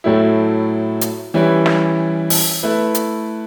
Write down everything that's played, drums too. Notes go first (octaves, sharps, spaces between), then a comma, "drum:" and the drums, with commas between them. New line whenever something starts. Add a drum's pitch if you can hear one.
A2 F#3 A3 E4
drum: hi-hat
E3 G3 C#4 E4 B4
drum: snare
drum: open hi-hat
A3 E4 B4
drum: hi-hat